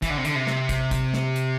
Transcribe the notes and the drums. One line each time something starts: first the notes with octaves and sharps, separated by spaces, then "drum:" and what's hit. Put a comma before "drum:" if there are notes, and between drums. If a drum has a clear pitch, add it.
E3, drum: kick, hi-hat
D3
C3
D3, drum: hi-hat
C3
drum: snare
drum: kick, hi-hat
drum: kick, hi-hat
drum: snare
drum: hi-hat